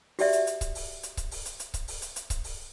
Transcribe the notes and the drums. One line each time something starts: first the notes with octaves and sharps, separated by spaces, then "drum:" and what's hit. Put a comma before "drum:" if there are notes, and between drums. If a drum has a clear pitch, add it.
F#4 G4 D5 E5, drum: open hi-hat
drum: hi-hat
drum: hi-hat
drum: kick C#1, hi-hat
drum: open hi-hat
drum: hi-hat
drum: kick C#1, hi-hat
drum: open hi-hat
drum: hi-hat
drum: hi-hat
drum: kick C#1, hi-hat
drum: open hi-hat
drum: hi-hat
drum: hi-hat
drum: kick C#1, hi-hat
drum: open hi-hat